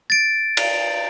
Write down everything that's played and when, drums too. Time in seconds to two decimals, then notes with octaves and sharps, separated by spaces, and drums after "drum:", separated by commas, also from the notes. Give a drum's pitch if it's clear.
0.10 A6 D7
0.57 drum: cymbal